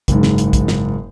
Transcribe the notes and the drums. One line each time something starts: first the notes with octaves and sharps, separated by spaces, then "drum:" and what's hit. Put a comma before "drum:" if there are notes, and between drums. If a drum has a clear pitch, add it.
F#1 G#2, drum: kick, hi-hat
drum: snare
drum: hi-hat
drum: kick, hi-hat
drum: snare